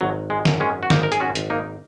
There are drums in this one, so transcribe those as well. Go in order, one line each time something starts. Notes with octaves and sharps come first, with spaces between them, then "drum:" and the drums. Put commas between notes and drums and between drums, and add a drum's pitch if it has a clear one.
G#1 F#3
G#3
F#2, drum: snare D#3
G#3 C#4
F#4
G#1 A#3 D#4, drum: snare D#3
A#4
G#4, drum: hi-hat
C#4 F#4
G#1, drum: hi-hat
A#3 D#4